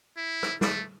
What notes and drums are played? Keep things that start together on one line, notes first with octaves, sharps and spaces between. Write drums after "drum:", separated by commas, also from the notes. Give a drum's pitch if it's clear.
E4
drum: rim click
A3, drum: snare